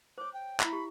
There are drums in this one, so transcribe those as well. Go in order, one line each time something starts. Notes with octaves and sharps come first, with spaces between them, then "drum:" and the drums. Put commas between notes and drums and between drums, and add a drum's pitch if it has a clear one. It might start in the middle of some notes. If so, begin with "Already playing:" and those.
C5 C#5 D6
G5
E4 E5 B5, drum: clap
G4